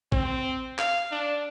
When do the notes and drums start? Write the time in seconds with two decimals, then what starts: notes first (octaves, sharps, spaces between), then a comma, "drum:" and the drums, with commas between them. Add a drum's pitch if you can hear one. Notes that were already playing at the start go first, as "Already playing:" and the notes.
0.12 C4, drum: kick
0.79 F5, drum: clap
1.11 D4